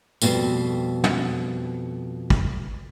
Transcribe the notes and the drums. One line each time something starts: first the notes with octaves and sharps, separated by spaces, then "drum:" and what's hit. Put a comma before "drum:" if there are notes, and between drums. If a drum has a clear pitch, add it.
F2 B2 G3 C4, drum: tambourine
drum: tom
drum: kick